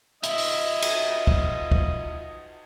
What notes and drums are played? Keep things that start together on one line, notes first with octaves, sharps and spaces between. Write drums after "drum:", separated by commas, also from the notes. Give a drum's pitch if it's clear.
F4 D#5 E5, drum: hi-hat
drum: open hi-hat
drum: cymbal
drum: kick
drum: kick